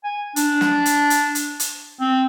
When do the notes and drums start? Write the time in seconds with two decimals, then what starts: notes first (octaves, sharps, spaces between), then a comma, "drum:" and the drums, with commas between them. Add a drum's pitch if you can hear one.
0.04 G#5
0.36 D4, drum: hi-hat
0.61 drum: snare
0.86 drum: hi-hat
1.10 drum: hi-hat
1.35 drum: hi-hat
1.60 drum: hi-hat
2.01 C4